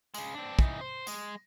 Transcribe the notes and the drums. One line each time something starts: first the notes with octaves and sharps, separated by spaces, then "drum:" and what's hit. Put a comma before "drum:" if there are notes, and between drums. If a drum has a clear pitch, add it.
C#3 G#3, drum: tambourine
C4 D4
E3 D#4, drum: kick
C5
G#3, drum: tambourine